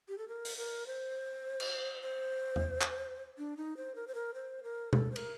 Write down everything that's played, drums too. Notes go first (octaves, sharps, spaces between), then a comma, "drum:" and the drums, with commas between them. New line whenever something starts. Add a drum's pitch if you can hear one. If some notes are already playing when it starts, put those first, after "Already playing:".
G4
A4
A#4
drum: open hi-hat
A#4
C5
drum: cymbal
C5
drum: tom E2
drum: clap
D4
D#4
C5
A#4
C5
A#4
C5
A#4
A4, drum: tom B2
C5
A#4, drum: cymbal